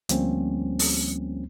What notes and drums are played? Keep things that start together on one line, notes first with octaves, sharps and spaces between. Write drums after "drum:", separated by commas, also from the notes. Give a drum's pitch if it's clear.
D2 F3 G3 A#3 C4 C#4, drum: hi-hat
drum: open hi-hat